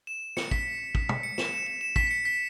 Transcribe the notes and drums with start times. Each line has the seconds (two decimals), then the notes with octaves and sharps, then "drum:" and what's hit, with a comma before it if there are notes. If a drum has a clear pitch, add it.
0.07 E7
0.37 C#7, drum: snare
0.51 B6, drum: kick
0.95 drum: kick
1.09 drum: tom
1.23 C#7
1.38 E7, drum: snare
1.53 E7
1.67 E7
1.81 E7
1.96 B6, drum: kick
2.07 B6
2.11 C#7
2.25 B6